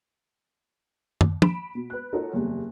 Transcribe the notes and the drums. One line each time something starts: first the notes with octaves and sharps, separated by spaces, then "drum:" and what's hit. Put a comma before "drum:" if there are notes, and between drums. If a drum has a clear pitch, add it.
drum: tom
B5 B6 D7 E7, drum: tom
B2
B4 F#6
D#4 F4 F#4 A4 A#4 C#5
F#1 E2 G3